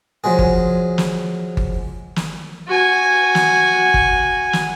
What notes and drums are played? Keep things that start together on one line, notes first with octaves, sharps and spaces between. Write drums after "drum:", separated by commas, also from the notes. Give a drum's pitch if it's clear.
F3 F#3 G#3 G#4
drum: kick G1
drum: snare
drum: kick G1
drum: snare
F#4 G#5
drum: snare
drum: kick G1
drum: snare